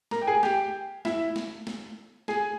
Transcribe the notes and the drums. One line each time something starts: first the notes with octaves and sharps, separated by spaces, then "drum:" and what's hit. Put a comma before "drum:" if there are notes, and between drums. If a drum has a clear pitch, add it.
A#4 A#5, drum: snare
G5
G#4 G#5
G4 G5, drum: snare
E4 E5, drum: snare
drum: snare
drum: snare
G#4 G#5, drum: snare